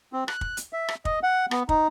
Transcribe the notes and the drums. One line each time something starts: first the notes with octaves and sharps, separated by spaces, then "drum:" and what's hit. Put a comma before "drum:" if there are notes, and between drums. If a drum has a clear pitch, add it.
C4
F#6, drum: rim click
drum: kick
drum: hi-hat
E5
drum: rim click
D#5, drum: kick
F#5
B3, drum: rim click
D#4, drum: kick